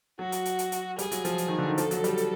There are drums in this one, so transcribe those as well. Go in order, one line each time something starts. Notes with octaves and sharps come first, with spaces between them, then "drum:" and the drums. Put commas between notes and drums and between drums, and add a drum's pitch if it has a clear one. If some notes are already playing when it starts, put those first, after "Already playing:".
F#3 F#4
drum: hi-hat
drum: hi-hat
drum: hi-hat
drum: hi-hat
G3 G#4, drum: hi-hat
F#3, drum: hi-hat
F3, drum: hi-hat
drum: hi-hat
D#3
D3
D#3
F3 A4, drum: hi-hat
F#3, drum: hi-hat
G3, drum: hi-hat
drum: hi-hat